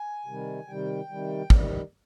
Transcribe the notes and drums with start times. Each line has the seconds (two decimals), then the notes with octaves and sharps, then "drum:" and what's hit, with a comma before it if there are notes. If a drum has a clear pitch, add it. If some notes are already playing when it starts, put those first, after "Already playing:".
Already playing: G#5
0.26 C3 D#3 G3
0.68 C3 D#3 G3 G5
1.09 C3 D#3 G3
1.50 C3 D#3 G3, drum: kick